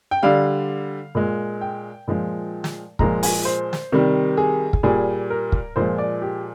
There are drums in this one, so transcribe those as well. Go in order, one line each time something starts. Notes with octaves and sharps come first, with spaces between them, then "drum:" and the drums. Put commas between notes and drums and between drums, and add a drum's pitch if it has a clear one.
G5
D3 G3 F5
A#2 G#3
G5
A#2 F3 G#3
drum: snare
A#2 F3 G#3 A#5, drum: kick
G#5, drum: open hi-hat
C5
drum: snare
C3 D#3 G3
G#4
drum: kick
A#2 G3 G#4
A#4
drum: kick
A#2 F3 G#3 C5
D5
G4